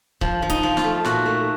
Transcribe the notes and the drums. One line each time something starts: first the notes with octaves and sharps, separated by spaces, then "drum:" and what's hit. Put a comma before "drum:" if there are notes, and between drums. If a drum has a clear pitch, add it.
F3, drum: kick C#1
F3
D#4, drum: kick C#1, hi-hat
F3
F4, drum: snare
A3
A#2 F#4, drum: snare
A3